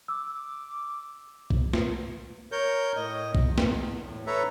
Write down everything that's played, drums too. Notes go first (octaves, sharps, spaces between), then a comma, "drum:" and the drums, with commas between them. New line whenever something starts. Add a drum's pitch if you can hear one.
D6 E6
drum: kick
drum: snare
A#4 C#5 G6
A2 D#5
drum: kick
E2
drum: snare
A2
A4 B4 C#5 E5 A#5